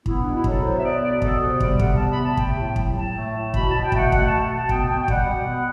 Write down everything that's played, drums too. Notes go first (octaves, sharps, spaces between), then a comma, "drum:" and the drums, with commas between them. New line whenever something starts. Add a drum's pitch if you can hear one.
B3 E4, drum: kick
B2 D4
E4
F#3, drum: kick
A4
B2 C5
E5
B3 D5
B2 D5
B3 A4, drum: kick
C3 C5
G3 D5, drum: kick
C3 F#5, drum: kick
B3 A5
B5
C3 A5
A3 G5, drum: kick
A2
F#3, drum: kick
A2 A5
A3
A2
B2 B5, drum: kick
B2 A5
G5
A3 F#5, drum: kick
A3 F#5, drum: kick
B2 A5
A5
B2
A5
B3 G5, drum: kick
B2 G5
G5
G3 F#5, drum: kick
B2
B3